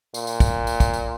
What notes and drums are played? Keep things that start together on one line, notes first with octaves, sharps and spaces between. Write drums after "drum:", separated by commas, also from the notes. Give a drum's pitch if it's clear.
A#2, drum: tambourine
drum: tambourine
drum: kick, tambourine
drum: tambourine
drum: kick, tambourine
drum: tambourine